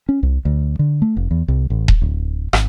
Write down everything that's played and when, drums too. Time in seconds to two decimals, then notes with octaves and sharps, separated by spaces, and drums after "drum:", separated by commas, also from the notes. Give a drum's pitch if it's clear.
0.09 C#4
0.23 C2
0.45 D2
0.79 D3
1.02 A3
1.17 F1
1.31 E2
1.48 C2
1.70 A1
1.88 drum: kick D#1
2.01 D1
2.53 G#1, drum: rim click